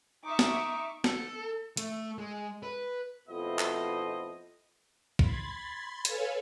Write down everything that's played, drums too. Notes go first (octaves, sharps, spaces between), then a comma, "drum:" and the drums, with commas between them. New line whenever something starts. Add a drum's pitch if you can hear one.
D#4 E5 C#6 D6
drum: snare
A4, drum: snare
A3, drum: hi-hat
G#3
B4
F2 B2 A3 E4 C5 D#5
drum: clap
B5 C6 G#6 A6, drum: kick
A4 B4 C#5 F5 G#5, drum: hi-hat